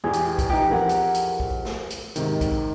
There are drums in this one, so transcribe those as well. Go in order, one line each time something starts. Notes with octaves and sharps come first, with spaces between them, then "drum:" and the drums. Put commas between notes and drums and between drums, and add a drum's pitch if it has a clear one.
E2 E3 G4 G#4
drum: hi-hat
drum: kick, hi-hat
E3 D#4 G4
F2 G#4 A#4 F#5
drum: hi-hat
drum: hi-hat
drum: kick
drum: snare
drum: hi-hat
G#2 C3 D#3, drum: hi-hat
drum: kick, hi-hat